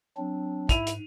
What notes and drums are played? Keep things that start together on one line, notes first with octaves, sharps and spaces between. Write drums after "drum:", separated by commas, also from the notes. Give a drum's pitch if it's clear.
F#3 C4 D4
G#2 E4 D#7 F7, drum: kick, hi-hat
drum: hi-hat